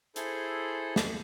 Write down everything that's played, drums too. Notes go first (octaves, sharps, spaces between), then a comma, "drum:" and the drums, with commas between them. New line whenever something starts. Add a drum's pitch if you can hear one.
E4 G#4 A4 C5, drum: hi-hat
drum: snare